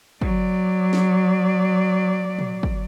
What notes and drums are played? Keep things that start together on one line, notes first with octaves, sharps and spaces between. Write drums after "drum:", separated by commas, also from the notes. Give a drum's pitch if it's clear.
F#3 D5, drum: kick
drum: snare
drum: tom A#2
drum: kick